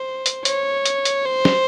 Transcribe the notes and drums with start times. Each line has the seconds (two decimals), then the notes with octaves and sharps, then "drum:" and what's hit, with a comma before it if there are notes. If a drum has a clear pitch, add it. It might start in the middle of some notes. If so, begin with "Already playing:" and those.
Already playing: C5
0.26 drum: hi-hat
0.45 C#5, drum: hi-hat
0.85 drum: hi-hat
1.05 drum: hi-hat
1.26 C5
1.45 drum: snare